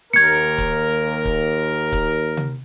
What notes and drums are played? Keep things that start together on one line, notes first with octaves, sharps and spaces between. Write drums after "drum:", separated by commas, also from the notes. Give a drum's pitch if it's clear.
D#2 A#4 G#6 C#7
drum: kick C#1, hi-hat
drum: kick C#1
drum: kick C#1, hi-hat
drum: tom C3